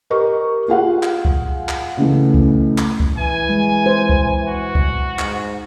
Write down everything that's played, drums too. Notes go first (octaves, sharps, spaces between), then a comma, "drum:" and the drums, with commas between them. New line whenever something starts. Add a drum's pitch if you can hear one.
G4 A#4 D#5 C#6
F4 G#4 F5 F#5
drum: clap
drum: kick C2
drum: clap
C#2 C#3 E3 A3
drum: kick C2
drum: clap
drum: kick C2
E3 G#5
G#3
C5
drum: kick C2
F#4
drum: kick C2
G#2, drum: clap